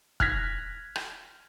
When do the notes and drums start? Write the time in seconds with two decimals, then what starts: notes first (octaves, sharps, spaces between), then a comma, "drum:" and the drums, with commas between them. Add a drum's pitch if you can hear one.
0.20 F6 F#6 G#6 A#6 B6, drum: kick
0.96 drum: rim click